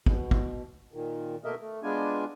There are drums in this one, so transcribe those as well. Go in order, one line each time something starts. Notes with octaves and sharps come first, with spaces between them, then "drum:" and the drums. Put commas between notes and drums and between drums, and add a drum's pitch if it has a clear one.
B2, drum: kick
drum: kick
A#2 D#3
B2 A3 A#3 A#4 D#5 E5
A3
G#3 B3 D4 F4 G#5